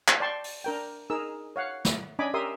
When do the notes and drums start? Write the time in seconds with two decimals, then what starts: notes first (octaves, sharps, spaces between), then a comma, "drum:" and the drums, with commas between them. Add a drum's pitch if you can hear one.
0.08 drum: clap
0.20 D5 G5 A5 C6 C#6
0.44 drum: open hi-hat
0.64 D4 A#4 G5
1.10 D#4 G#4 A#4 E6
1.56 C#5 F5 F#5
1.85 drum: snare
2.19 C#4 D4 D#5 G#5 B5 D6
2.34 G4 A#4 E5 C6 D#6